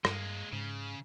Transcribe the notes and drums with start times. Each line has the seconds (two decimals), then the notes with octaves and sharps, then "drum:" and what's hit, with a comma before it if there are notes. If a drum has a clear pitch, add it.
0.05 G2 G#3 A#3, drum: rim click
0.53 G#2 C#3